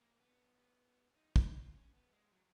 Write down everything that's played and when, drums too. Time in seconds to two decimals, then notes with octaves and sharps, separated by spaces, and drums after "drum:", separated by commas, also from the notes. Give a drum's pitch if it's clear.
0.01 A#3
0.20 B3
1.16 D#4
1.36 F4, drum: kick
1.55 F4
1.75 C#4
1.94 B3
2.12 G#3
2.32 F#3